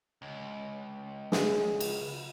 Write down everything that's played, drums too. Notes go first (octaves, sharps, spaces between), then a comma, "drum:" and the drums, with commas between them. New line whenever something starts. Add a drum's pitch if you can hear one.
C#2
G#4, drum: snare
drum: cymbal